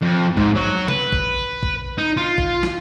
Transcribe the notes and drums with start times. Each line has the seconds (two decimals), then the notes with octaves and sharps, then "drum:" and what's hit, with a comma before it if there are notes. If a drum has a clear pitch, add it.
0.01 F2
0.37 G#2, drum: kick
0.56 F#3 F#4
0.88 B4, drum: tom C3
1.12 drum: kick
1.63 drum: kick
1.98 D#4
2.17 F4
2.38 drum: kick
2.63 drum: snare